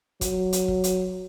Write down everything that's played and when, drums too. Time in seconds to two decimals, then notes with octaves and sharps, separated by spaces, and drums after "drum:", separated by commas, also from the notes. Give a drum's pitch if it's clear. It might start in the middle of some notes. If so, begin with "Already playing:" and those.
0.21 F#3, drum: kick, hi-hat
0.53 drum: hi-hat
0.68 drum: kick
0.84 drum: hi-hat